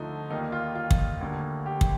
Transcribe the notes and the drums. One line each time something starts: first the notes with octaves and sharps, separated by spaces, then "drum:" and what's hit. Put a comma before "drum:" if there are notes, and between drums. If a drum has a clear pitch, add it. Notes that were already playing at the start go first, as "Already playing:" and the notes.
Already playing: D2 D3 F3 A3 D#4
D#2 D#3 G3 A#3 D#4
F4
F4
drum: kick
D2 D3 G3 A#3
G4
drum: kick